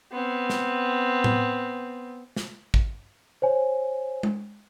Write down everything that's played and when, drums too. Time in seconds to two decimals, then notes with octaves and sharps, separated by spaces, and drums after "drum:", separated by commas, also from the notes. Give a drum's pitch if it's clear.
0.12 B3 C4
0.50 drum: snare
1.24 drum: tom A2
2.36 drum: snare
2.74 drum: kick
3.42 C5 C#5 G#5
4.23 drum: tom G#3